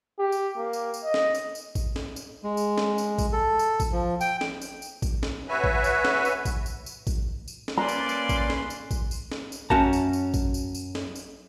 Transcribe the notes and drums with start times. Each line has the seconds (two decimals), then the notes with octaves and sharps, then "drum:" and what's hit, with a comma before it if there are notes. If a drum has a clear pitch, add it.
0.19 G4
0.32 drum: tambourine
0.57 A#3
0.73 drum: tambourine
0.94 drum: tambourine
1.04 D#5
1.14 drum: snare
1.35 drum: tambourine
1.55 drum: tambourine
1.75 drum: kick A1, tambourine
1.96 drum: snare
2.16 drum: tambourine
2.44 G#3
2.57 drum: tambourine
2.78 drum: snare
2.98 drum: tambourine
3.18 drum: kick A1, tambourine
3.33 A4
3.59 drum: tambourine
3.80 drum: kick A1, tambourine
3.92 F3
4.21 G5, drum: tambourine
4.41 drum: snare
4.62 drum: tambourine
4.82 drum: tambourine
5.02 drum: kick A1, tambourine
5.23 drum: snare
5.49 F#4 B4 C#5 E5 G#5
5.64 drum: kick A1
5.84 drum: tambourine
6.05 drum: snare
6.25 drum: tambourine
6.45 drum: kick A1, tambourine
6.66 drum: tambourine
6.86 drum: tambourine
7.07 drum: kick A1, tambourine
7.48 drum: tambourine
7.68 drum: snare
7.78 A#3 C#4 B4 D5 A#5 C6
7.88 drum: tambourine
8.09 drum: tambourine
8.29 drum: kick A1, tambourine
8.50 drum: snare
8.70 drum: tambourine
8.91 drum: kick A1, tambourine
9.11 drum: tambourine
9.32 drum: snare
9.52 drum: tambourine
9.70 F#2 C#4 F#4 A5 A#5, drum: kick A1
9.93 drum: tambourine
10.13 drum: tambourine
10.34 drum: kick A1, tambourine
10.54 drum: tambourine
10.75 drum: tambourine
10.95 drum: snare
11.15 drum: tambourine